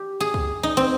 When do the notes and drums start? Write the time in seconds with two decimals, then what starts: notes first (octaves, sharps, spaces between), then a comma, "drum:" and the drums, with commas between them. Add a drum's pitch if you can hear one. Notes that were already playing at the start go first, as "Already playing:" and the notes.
Already playing: G4
0.20 G#4
0.34 drum: kick
0.63 D#4
0.77 C4